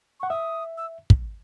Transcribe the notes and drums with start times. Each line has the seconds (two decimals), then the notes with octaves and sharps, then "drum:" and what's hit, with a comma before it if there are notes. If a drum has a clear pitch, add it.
0.20 F#5 C#6
0.30 E5 D#6
0.78 E6
1.10 drum: kick